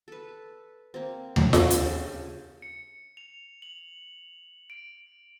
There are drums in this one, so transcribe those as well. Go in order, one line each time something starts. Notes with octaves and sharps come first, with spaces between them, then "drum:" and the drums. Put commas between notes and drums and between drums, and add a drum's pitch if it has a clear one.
A4 B4
A#3 C4
drum: tom D#2
drum: snare F4
C#3 D4 G4 C5, drum: hi-hat
C#7
F7
F#7
D7